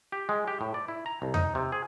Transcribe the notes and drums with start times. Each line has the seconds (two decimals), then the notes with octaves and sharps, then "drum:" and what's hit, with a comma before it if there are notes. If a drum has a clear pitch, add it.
0.12 G4
0.29 G#3
0.48 G4
0.61 A2
0.74 D5
0.88 E4
1.06 A#5
1.22 C2
1.34 D#4, drum: tom E2
1.55 C3
1.72 G#4